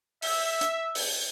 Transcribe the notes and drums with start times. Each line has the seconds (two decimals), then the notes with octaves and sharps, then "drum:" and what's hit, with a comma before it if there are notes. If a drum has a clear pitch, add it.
0.22 E5, drum: open hi-hat
0.61 drum: hi-hat
0.95 drum: open hi-hat